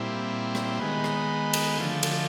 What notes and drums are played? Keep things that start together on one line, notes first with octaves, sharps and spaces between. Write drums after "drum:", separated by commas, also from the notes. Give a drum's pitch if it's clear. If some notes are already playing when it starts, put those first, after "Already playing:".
Already playing: A#2 G3 C4 E4
drum: rim click
D#3 G#3 B3
drum: rim click
drum: cymbal
D3 F3 A3
drum: cymbal